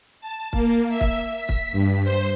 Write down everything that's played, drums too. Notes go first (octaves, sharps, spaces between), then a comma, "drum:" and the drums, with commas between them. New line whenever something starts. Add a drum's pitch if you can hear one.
A5
A#3, drum: kick
E5
drum: kick
B6
drum: kick
G2
C5